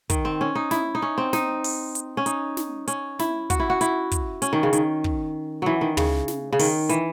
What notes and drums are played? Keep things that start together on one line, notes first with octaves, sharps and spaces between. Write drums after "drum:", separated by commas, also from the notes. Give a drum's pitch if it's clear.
D#3, drum: kick, hi-hat
C4
C#4
D#4
E4, drum: snare
D#4
C#4
C4
D#4, drum: snare
drum: open hi-hat
drum: hi-hat
C#4
D#4, drum: hi-hat
drum: snare
C#4, drum: hi-hat
E4, drum: snare
F#4, drum: kick, hi-hat
E4
F#4
E4, drum: hi-hat
drum: kick, hi-hat
C#4, drum: hi-hat
D#3
C#3
D#3, drum: hi-hat
drum: kick
E3 F#3
D#3
C#3, drum: tom
drum: snare
C#3
D#3, drum: open hi-hat
E3, drum: hi-hat